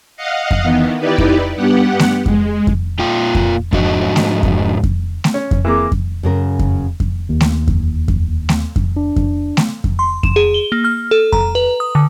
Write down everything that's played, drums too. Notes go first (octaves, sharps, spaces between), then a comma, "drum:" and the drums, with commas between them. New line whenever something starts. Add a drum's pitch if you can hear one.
D#5 F5 F#5
drum: kick F2
D#3 E3 B3
D#4 E4 G4 B4 D5
drum: kick F2
G2 B3 G4 F#5
drum: snare A3
G#3, drum: kick F2
drum: kick F2
A#2 F4 G5
drum: kick F2
G#2 F3 D4 F#4 D#5, drum: kick F2
drum: snare A3
drum: kick F2
drum: kick F2
drum: snare A3
C#4
drum: kick F2
E3 A#3 C4 G#4 D6
drum: kick F2
F#2 C#3 A#4
drum: kick F2
drum: kick F2
D#2
drum: snare A3
drum: kick F2
drum: kick F2
drum: snare A3
drum: kick F2
D4
drum: kick F2
drum: snare A3
drum: kick F2
C6
E7, drum: kick F2
G#4
G7
A#3
F6
A4
A#5, drum: kick F2
B4
D#6
D3